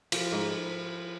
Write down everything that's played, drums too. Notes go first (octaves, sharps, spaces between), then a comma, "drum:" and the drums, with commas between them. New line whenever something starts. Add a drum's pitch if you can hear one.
F3, drum: cymbal
G#2